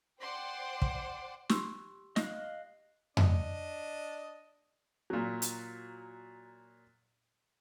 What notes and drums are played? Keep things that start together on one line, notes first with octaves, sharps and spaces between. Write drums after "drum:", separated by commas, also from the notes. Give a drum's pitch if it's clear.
C5 D5 F#5 G5 C6 D6
drum: kick
G4 C6 E6, drum: snare
D#5 F5 F#6, drum: snare
D4 D#5, drum: tom F2
A#2 F#3
drum: hi-hat